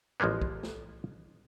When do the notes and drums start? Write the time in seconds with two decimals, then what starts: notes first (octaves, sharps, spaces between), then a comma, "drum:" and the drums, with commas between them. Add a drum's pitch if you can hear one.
0.20 A1 F3 G#3 A#3 B3
0.42 drum: kick
0.63 drum: snare